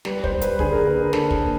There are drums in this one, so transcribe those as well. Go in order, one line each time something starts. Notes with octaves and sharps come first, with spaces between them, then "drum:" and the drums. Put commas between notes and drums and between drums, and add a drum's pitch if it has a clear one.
G3 B4, drum: snare
C5, drum: kick
G3
B4, drum: hi-hat
D3 G#4, drum: kick
A#4
D3 B4
A#4
D3 A4, drum: snare
A4, drum: kick
A#3